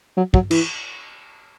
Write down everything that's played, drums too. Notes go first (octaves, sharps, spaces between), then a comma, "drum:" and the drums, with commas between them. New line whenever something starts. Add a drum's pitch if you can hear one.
F#3
F#3, drum: kick
E3, drum: cymbal